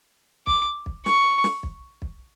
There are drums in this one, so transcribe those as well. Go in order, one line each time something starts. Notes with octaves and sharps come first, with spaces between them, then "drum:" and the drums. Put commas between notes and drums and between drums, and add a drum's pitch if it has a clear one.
D6, drum: kick
drum: kick
C#6, drum: snare
drum: snare
drum: kick
drum: kick